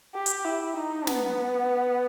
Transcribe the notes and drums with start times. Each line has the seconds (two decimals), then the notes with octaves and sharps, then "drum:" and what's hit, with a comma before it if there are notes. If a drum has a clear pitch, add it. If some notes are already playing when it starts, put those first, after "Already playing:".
0.14 G4
0.26 drum: hi-hat
0.45 E4
0.76 D#4
1.07 B3, drum: snare